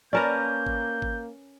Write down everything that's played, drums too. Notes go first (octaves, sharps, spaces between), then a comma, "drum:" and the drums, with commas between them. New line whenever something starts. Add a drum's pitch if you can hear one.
A#3 C#4 A#4 B4 D5 A5 A#5 G6
drum: kick G#1
drum: kick G#1